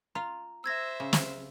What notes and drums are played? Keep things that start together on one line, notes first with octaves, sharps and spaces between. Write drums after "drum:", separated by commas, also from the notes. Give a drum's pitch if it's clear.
F4 A#5
C5 E5 E6 G#6 A#6
C#3
drum: snare